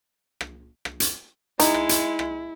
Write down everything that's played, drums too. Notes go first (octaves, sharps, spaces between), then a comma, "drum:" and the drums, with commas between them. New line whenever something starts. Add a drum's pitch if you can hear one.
drum: rim click
drum: rim click
drum: hi-hat
G#3 D#4 E4, drum: hi-hat
drum: rim click
drum: hi-hat
drum: rim click